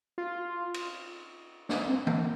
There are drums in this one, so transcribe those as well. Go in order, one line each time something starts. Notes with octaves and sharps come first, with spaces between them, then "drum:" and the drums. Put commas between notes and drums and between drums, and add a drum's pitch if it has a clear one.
F4
drum: cymbal
D4, drum: snare
C4
A#3, drum: tom E3